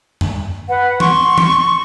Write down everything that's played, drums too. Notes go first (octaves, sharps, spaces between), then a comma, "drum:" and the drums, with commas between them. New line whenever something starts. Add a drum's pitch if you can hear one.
drum: tom F#2
B4 F#5
C6 C#6, drum: tom
drum: tom